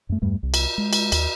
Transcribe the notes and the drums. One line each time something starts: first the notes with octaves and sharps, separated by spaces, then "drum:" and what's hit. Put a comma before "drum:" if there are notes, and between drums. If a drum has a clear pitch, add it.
F#2 A3
E2 G2 G3 A3
C2
drum: cymbal
G#3
drum: cymbal
D#2, drum: cymbal